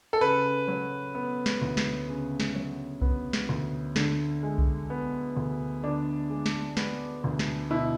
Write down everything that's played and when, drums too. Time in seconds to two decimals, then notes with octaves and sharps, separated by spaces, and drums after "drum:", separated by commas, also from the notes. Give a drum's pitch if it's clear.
0.13 A4
0.21 C#3 B4
0.68 F#3
1.15 B3
1.46 drum: snare
1.62 D2
1.77 drum: snare
2.09 C#3
2.40 drum: snare
2.55 F#3
3.01 B3, drum: kick B1
3.33 drum: snare
3.49 D2
3.96 D3, drum: snare
4.43 G#3
4.58 drum: kick B1
4.90 B3
5.37 D2
5.83 D3 D4
6.30 G#3
6.46 drum: snare
6.77 B3, drum: snare
7.24 D2
7.39 drum: snare
7.71 B2 E4